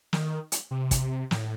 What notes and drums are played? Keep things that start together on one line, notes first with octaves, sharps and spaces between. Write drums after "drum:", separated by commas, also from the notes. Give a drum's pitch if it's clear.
D#3, drum: snare
drum: hi-hat
C3
drum: kick, hi-hat
A2, drum: snare